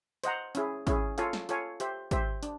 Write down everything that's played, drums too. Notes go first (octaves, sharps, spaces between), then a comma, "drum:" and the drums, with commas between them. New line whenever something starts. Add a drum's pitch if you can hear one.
C5 D#5 F#5 A#5, drum: hi-hat
C#4 E4 G#4, drum: hi-hat
C#4 E4 G#4, drum: kick, hi-hat
F4 A4 C#5 F5 G#5, drum: hi-hat
drum: snare
F4 A4 C#5 F5 G#5, drum: hi-hat
G4 C5 E5, drum: hi-hat
G4 C5 E5, drum: kick, hi-hat
D4, drum: hi-hat